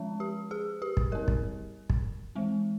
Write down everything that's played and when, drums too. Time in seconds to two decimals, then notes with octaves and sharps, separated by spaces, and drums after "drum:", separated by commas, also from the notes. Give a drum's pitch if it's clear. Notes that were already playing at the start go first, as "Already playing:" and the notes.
Already playing: F3 G#3 C#4
0.20 G4
0.51 G#4
0.82 G4
0.97 drum: kick
1.12 G3 C4 A#4
1.28 drum: kick
1.90 drum: kick
2.35 E3 G#3 C4